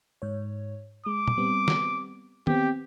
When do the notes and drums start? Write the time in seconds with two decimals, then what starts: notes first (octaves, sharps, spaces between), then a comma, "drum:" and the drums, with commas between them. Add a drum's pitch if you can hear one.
0.22 G#2 C#5
1.06 G#3 D6
1.28 drum: tom
1.37 G3 B3 C4
1.68 drum: snare
2.47 B3 C4 G4, drum: tom D#3